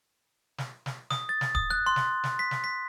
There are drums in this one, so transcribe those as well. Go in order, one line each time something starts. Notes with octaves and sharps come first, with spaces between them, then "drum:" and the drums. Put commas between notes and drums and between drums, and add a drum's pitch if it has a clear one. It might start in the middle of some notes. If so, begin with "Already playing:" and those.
drum: snare
drum: snare
D#6, drum: snare
A6
drum: snare
D#6, drum: kick D1
F#6
C6
drum: snare
drum: snare
B6
drum: snare
B6